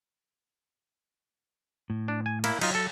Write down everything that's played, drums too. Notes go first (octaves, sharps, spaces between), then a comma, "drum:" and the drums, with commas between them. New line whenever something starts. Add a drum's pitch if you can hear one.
A2
D4
G#5
A#3 E4, drum: cymbal
F#3 D#4 F4, drum: cymbal
A4